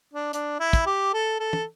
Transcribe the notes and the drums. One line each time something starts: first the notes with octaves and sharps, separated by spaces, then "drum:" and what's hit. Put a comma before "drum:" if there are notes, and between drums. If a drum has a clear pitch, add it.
D4
D4, drum: hi-hat
E4
drum: kick, hi-hat
G4
A4
A4
drum: tom